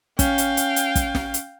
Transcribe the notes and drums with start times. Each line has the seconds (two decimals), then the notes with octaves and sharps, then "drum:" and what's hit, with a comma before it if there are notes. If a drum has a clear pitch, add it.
0.19 C#4 F5 G5, drum: kick, hi-hat
0.38 drum: hi-hat
0.57 drum: hi-hat
0.76 drum: hi-hat
0.95 drum: kick, hi-hat
1.15 drum: snare
1.34 drum: hi-hat